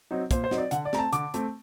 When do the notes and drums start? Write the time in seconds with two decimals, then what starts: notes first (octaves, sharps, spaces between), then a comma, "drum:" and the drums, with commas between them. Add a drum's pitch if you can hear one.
0.11 F#3 C4 D#4
0.31 A#2 C5, drum: kick, hi-hat
0.44 C5
0.51 F#3 C4 D#4, drum: snare
0.58 D5
0.71 D3 F#5, drum: hi-hat
0.85 D5
0.93 A3 C4 A#5, drum: snare
0.99 A5
1.13 D3 D6, drum: hi-hat
1.34 A3 C4, drum: hi-hat